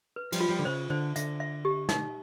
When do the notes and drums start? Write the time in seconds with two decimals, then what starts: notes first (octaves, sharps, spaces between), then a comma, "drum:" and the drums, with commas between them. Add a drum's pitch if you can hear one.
0.16 B4
0.32 F3 G3, drum: cymbal
0.40 F4
0.49 F3 G3
0.59 D3
0.65 C#3 C5
0.90 D3 C5
1.16 D3 E5, drum: hi-hat
1.40 E5
1.65 G4
1.89 D#4, drum: snare